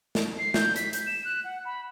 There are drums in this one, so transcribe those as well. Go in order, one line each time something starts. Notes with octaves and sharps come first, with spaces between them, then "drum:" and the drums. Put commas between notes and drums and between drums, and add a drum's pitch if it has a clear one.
drum: snare
C7
G6, drum: snare
B6, drum: hi-hat
G6, drum: hi-hat
E7
F#6
F#5
B5